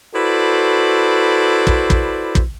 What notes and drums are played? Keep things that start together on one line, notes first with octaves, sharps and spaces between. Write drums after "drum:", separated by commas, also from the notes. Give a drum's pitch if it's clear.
E4 F#4 A4 B4 C5 D5
drum: kick
drum: kick
drum: kick